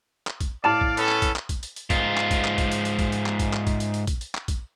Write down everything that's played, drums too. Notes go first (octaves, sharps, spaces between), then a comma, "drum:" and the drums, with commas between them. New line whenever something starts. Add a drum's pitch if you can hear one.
drum: clap
drum: kick A#1, hi-hat
A2 D5 F5 A5 E7
drum: kick A#1
B3 C#4 A4, drum: hi-hat
drum: clap
drum: kick A#1, hi-hat
drum: clap
drum: kick A#1, hi-hat
drum: hi-hat
drum: hi-hat
G#2 F4, drum: kick A#1, hi-hat
drum: clap
drum: kick A#1, hi-hat
drum: clap
drum: kick A#1, hi-hat
drum: hi-hat
drum: hi-hat
drum: kick A#1, hi-hat
drum: hi-hat
drum: clap
drum: kick A#1, hi-hat
drum: clap
drum: kick A#1, hi-hat
drum: hi-hat
drum: hi-hat
drum: kick A#1, hi-hat
drum: hi-hat
drum: clap
drum: kick A#1, hi-hat